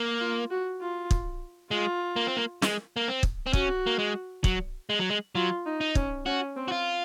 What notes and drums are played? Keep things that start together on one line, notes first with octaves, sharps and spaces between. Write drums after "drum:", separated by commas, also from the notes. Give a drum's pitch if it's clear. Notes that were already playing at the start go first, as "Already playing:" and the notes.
Already playing: A#3
F4
F#4
F4
drum: kick
G#3 F4
A#3
C4
A#3
G#3, drum: snare
A#3
C4
drum: kick
C4
C#4 F#4, drum: kick
A#3
G#3
F#3, drum: kick
G#3
F#3
G#3
F#3 F4
D#4
D#4
C#4, drum: kick
C#4 F#4
C4
F#4
F4